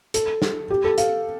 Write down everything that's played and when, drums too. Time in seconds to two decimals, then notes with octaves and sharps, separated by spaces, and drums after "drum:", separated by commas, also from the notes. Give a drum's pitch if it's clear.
0.14 A4, drum: hi-hat
0.42 drum: snare
0.70 G4
0.84 A4
0.98 F5, drum: hi-hat